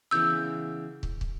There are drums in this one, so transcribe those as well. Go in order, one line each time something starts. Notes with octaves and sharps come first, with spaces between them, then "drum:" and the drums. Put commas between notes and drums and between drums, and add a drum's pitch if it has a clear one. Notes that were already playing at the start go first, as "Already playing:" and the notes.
C#3 E3 B3 E6 G6
drum: kick
drum: kick